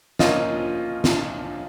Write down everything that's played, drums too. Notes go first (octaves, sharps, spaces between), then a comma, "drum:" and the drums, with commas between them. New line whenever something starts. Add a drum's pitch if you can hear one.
F3 A#3 C#4 F4 D#5, drum: snare
drum: snare